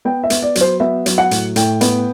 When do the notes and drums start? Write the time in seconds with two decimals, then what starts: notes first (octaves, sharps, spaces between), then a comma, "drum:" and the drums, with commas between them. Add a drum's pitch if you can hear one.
0.05 B3 G5
0.24 E5
0.30 B3, drum: hi-hat
0.42 D5
0.55 F#3, drum: hi-hat
0.61 C5
0.80 B3 E5
1.06 F#3, drum: hi-hat
1.18 F#5
1.31 A2, drum: hi-hat
1.56 A2 G5, drum: hi-hat
1.81 B3, drum: hi-hat